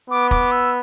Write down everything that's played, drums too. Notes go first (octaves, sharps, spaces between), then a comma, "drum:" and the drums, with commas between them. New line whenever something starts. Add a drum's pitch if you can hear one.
B3 D6
D6, drum: kick
E6